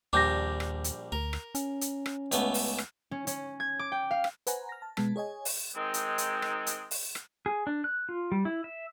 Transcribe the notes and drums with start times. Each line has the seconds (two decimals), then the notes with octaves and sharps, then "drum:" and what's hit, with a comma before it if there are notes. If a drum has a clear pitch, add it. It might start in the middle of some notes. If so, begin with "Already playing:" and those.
0.13 A#1 D#2 G3 D4 D6 G6 A#6
0.60 drum: rim click
0.84 drum: hi-hat
1.12 D2 A#4
1.33 drum: rim click
1.55 C#4, drum: hi-hat
1.81 drum: hi-hat
2.06 drum: rim click
2.32 C#2 A3 B3, drum: hi-hat
2.54 drum: open hi-hat
2.78 drum: rim click
3.11 C#4
3.27 C#4, drum: hi-hat
3.60 G#6
3.79 D6
3.92 G5
4.11 F5
4.24 drum: rim click
4.47 B4 C5 F#5 G#5 A#5, drum: hi-hat
4.69 F6 A#6
4.82 A5
4.97 B2 G#3 B3 A5, drum: rim click
5.16 G#4 C#5 D#5 G#5
5.45 drum: open hi-hat
5.75 D#3 G#3 C4 D#4
5.94 drum: hi-hat
6.18 drum: hi-hat
6.42 drum: rim click
6.67 drum: hi-hat
6.91 drum: open hi-hat
7.15 drum: rim click
7.46 G#4
7.67 D4
7.84 F#6
8.09 F4
8.32 G3
8.45 E4
8.64 E5